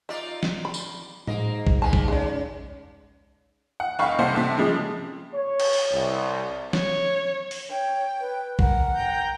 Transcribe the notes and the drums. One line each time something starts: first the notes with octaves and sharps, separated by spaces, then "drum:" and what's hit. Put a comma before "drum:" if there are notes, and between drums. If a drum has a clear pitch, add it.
D#4 F4 D5 E5
drum: snare
B5
drum: tambourine
G#2 A#3 D#5, drum: tom A2
drum: kick
A#3 B3 G#5 A5
drum: kick
C#3 G#3 D5
F#5
F#1 D#4 F5 G5 B5 C#6
C2 C3 A4 C5 F#5
C3 E5 A5
C#3 F3 G#3
C#5
drum: cymbal
drum: open hi-hat
C2
C#5, drum: snare
drum: open hi-hat
C#5 G5
B4
A#4 F#5, drum: kick
G5 A#5 G6